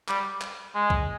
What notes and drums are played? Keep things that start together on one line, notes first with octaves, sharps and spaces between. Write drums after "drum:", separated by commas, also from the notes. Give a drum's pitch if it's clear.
G3, drum: clap
drum: clap
G#3
drum: kick